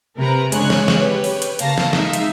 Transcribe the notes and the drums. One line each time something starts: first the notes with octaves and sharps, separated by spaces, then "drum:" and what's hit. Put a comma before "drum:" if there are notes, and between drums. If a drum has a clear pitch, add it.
C3 A#4 B4 A#5
C#3 G#3 D4 C#5 G#5 F#6, drum: hi-hat
drum: snare
drum: snare
G4 B4 C#5
drum: open hi-hat
drum: hi-hat
C#3 A#3 F5 A5 A#6, drum: hi-hat
drum: snare
G#3 D#4 E5 F5, drum: snare
drum: hi-hat